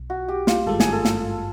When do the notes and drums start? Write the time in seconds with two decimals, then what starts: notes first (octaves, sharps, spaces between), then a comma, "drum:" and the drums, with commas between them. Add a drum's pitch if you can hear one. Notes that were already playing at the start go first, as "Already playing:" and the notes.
Already playing: B1 B2
0.10 F#4
0.28 G4
0.47 F4, drum: snare
0.67 G#1 G2 D#3 G#3 A4
0.80 G#4, drum: snare
0.92 A4
1.05 drum: snare